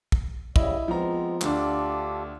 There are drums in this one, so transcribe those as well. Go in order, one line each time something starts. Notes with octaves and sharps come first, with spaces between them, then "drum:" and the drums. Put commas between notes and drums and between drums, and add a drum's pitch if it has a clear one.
drum: kick
C#3 G3 E4 D#5, drum: kick
F3 G#3 B3 C4 A#5
D2 D4 F4 G4 A4, drum: clap